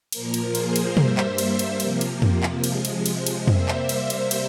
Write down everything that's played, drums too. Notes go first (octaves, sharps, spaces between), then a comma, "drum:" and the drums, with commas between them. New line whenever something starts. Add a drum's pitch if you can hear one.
A#2 F3 A#3 A#4, drum: cymbal
drum: cymbal
G#4 C5, drum: cymbal
drum: cymbal
G2 G3 A#3 C5 E5, drum: tom
drum: clap
drum: cymbal
drum: cymbal
C3 F3 A#3, drum: cymbal
drum: cymbal
drum: tom F2
drum: clap
C3 F3 G#3, drum: cymbal
drum: cymbal
drum: cymbal
drum: cymbal
C3 G3 A#3 C5 E5, drum: tom F2
drum: clap
drum: cymbal
drum: cymbal
drum: cymbal